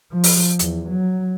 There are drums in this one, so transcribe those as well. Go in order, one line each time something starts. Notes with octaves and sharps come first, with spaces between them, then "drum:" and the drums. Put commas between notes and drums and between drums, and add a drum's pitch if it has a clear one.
F3
drum: open hi-hat
E2, drum: hi-hat
F#3